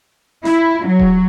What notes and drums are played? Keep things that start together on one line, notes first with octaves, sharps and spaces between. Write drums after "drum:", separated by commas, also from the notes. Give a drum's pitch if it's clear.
E4, drum: snare
F#3
drum: kick D#1